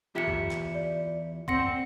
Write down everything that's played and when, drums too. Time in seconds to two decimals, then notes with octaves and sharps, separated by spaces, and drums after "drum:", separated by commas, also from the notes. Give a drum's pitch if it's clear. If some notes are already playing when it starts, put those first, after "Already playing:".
0.15 E2 F4 G4 E5 C#7
0.28 drum: kick C#2
0.51 drum: clap
0.75 D5
1.48 C4 F#5 C6 A#6 C#7, drum: kick C#2